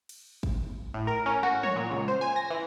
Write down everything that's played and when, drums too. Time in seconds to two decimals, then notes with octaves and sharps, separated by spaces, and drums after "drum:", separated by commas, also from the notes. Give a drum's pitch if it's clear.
0.09 drum: cymbal
0.43 drum: kick
0.94 A2
1.07 A#4
1.26 C#4
1.43 F#4, drum: rim click
1.63 C#5, drum: tom
1.76 A#2
1.91 C#2
2.08 C5
2.21 G#5
2.36 A#6
2.50 E3